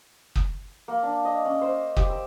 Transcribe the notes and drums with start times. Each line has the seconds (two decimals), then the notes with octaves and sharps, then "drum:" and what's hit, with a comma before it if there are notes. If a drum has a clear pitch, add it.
0.35 drum: kick
0.88 A#3
1.03 D4
1.25 D#5
1.45 C#4
1.61 C5
1.96 G4, drum: kick
2.10 E6